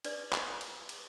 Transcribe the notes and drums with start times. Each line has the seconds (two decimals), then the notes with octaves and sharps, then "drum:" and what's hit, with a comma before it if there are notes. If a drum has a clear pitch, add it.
0.04 D4 B4 D5, drum: cymbal
0.33 drum: clap
0.61 drum: cymbal
0.89 drum: cymbal